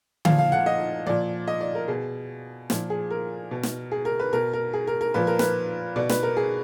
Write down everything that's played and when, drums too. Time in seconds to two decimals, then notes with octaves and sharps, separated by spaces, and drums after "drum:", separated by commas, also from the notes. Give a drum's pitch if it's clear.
0.25 A#2 F3 F5, drum: tom D3
0.38 F5
0.52 F#5
0.66 D#5
1.06 A#2 F3 D5
1.47 D#5
1.61 D5
1.75 A#4
1.88 B2 G#4
2.70 A#2 F3, drum: snare
2.90 G#4
3.10 A#4
3.51 B2
3.63 drum: snare
3.91 G#4
4.05 A#4
4.19 B4
4.33 B2 A#4
4.53 A#4
4.73 G#4
4.87 A#4
5.01 A#4
5.14 A#2 F3 B4
5.27 A#4
5.39 B4, drum: snare
5.96 B2 D5
6.09 B4, drum: snare
6.23 A#4
6.37 G#4